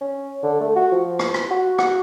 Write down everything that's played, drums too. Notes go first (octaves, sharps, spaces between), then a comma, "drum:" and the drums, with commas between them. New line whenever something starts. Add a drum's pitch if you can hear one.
C#4
D3
A3
F#4
F3
drum: rim click
drum: rim click
F#4
F#4, drum: rim click